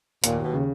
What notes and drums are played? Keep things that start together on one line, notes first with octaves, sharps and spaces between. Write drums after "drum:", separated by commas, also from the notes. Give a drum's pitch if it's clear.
D#2 A#2, drum: hi-hat
D#2 B2
C#3